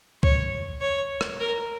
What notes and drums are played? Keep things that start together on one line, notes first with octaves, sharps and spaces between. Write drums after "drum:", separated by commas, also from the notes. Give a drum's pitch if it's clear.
C#5, drum: kick C2
C#5
drum: rim click
A#4